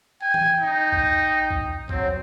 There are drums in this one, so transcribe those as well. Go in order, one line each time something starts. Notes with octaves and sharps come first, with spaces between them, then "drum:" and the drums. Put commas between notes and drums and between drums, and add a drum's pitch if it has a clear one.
G5 G#5
drum: tom E3
D#4
drum: kick A#1
drum: kick A#1
F#3 C4, drum: kick A#1